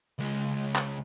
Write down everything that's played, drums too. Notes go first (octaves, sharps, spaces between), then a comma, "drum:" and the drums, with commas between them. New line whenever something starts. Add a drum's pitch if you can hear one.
C#2 G#3
drum: clap